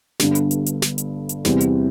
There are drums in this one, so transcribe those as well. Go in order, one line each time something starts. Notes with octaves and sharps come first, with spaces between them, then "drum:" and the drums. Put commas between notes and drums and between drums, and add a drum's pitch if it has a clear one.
G1 G2 D3, drum: snare
drum: hi-hat
drum: hi-hat
drum: hi-hat
drum: snare
drum: hi-hat
drum: hi-hat
E2 C3 E3 G3, drum: snare
drum: hi-hat